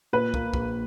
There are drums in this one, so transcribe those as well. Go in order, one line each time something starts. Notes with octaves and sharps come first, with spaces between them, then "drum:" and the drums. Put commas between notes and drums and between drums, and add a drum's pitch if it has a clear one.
A#2 B4
A#3, drum: kick
A#1, drum: kick